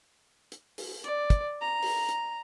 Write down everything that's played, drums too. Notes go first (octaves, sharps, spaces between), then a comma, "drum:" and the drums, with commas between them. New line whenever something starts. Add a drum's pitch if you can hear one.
drum: hi-hat
drum: open hi-hat
D5, drum: hi-hat
drum: kick, hi-hat
A#5
drum: open hi-hat
drum: hi-hat